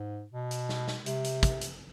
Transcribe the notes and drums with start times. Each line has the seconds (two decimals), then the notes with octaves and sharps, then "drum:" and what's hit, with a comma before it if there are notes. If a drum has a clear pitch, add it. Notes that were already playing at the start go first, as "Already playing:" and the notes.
Already playing: G#2
0.32 B2
0.51 drum: hi-hat
0.69 drum: snare
0.88 drum: snare
1.06 C3, drum: hi-hat
1.24 drum: hi-hat
1.43 drum: kick, hi-hat
1.61 drum: hi-hat